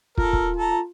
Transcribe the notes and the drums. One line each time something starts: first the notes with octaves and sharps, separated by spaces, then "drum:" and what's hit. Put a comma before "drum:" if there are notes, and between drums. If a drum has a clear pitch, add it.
F4 A4 A#4, drum: kick
drum: kick
A4 A5 A#5